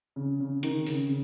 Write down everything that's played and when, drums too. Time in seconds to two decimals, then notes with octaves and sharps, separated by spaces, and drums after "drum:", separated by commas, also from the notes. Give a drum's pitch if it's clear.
0.16 C#3
0.40 C#3
0.63 D#3, drum: hi-hat
0.87 C#3, drum: open hi-hat
1.09 C#3